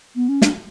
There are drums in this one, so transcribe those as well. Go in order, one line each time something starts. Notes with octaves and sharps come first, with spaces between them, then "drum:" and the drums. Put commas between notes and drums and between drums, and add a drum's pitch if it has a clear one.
B3
C#4
D4, drum: snare